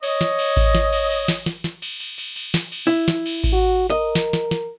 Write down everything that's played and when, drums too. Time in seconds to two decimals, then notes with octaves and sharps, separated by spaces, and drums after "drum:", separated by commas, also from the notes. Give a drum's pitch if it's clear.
0.03 C#5 D#5, drum: cymbal
0.21 drum: snare
0.39 drum: cymbal
0.57 drum: kick A1, cymbal
0.75 drum: snare
0.92 drum: cymbal
1.10 drum: cymbal
1.28 drum: snare
1.46 drum: snare
1.64 drum: snare
1.82 drum: cymbal
2.00 drum: cymbal
2.18 drum: cymbal
2.36 drum: cymbal
2.54 drum: snare
2.72 drum: cymbal
2.87 E4
3.08 drum: snare
3.26 drum: cymbal
3.44 drum: kick A1, cymbal
3.53 F#4
3.90 A#4 D#5
4.15 drum: snare
4.33 drum: snare
4.51 drum: snare